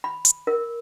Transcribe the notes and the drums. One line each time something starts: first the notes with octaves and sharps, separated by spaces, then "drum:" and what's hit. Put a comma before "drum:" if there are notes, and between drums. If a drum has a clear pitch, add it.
B5
drum: hi-hat
A#4